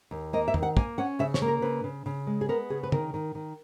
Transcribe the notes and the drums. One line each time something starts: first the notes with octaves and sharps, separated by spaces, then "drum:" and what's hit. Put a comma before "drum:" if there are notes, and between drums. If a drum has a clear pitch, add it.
D#2
A#3 D#5
E5
D#3, drum: tom
F#5
A#3 G#5, drum: kick
C#4 F#5
C#3 E5
C#5, drum: snare
A#3
A#4
C#3 B4
C#3
C#3
G#3
G#4
B3 A#4
C#3 G#4
B4
D#3 A#4, drum: tom
D#3
D#3